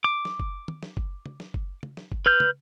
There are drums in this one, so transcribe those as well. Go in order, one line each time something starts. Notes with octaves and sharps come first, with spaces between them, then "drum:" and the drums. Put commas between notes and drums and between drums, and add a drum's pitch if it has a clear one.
D6
drum: snare
drum: kick F#1
drum: tom
drum: snare
drum: kick F#1
drum: tom
drum: snare
drum: kick F#1
drum: tom
drum: snare
drum: kick F#1
B4 F6 G6
drum: tom